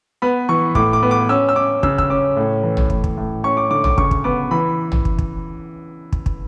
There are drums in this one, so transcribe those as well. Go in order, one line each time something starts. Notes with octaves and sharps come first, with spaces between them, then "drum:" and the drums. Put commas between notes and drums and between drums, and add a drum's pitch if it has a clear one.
B3 B5
E3 C#6
A2 D6, drum: kick
D6
B3
D6
C#4 E6
E6
C#4 D6
C#3 E6, drum: kick
E6, drum: kick
C#4 D6
A2
E3
drum: tom
A2, drum: kick
drum: kick
A2
C#4 C#6
D6
D3 D6
D6, drum: tom
C#3 C#6, drum: kick
drum: kick
B3 D6
E3 B5
drum: tom
drum: kick
drum: kick
drum: kick
drum: kick